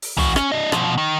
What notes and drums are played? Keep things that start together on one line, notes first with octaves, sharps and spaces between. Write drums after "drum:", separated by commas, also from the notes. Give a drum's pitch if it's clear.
drum: open hi-hat
E3 F#4, drum: tom
C#4, drum: rim click
D4 D#5
B2 F3, drum: rim click
D#3